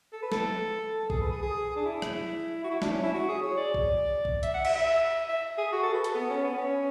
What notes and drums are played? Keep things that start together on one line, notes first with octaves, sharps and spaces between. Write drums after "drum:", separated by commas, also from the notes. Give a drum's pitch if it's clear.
A4
B4
A4, drum: snare
A4
G#4, drum: kick
B4
G#4
G#4
D4
E4
drum: rim click
F#4
E4
D4, drum: snare
C#4
E4
F#4
G#4
C#5
D5
drum: kick
drum: kick
E5, drum: hi-hat
F#5
E5, drum: cymbal
E5
E5
G#4
F#4
A4
B4
A4, drum: hi-hat
B3
C#4
B3
C#4